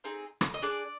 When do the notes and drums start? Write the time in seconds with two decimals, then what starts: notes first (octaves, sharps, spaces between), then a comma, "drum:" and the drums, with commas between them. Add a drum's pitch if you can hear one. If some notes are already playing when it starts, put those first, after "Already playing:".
0.04 C4 D#4 G#4
0.41 drum: rim click
0.54 D#5
0.62 D4 G#4 D5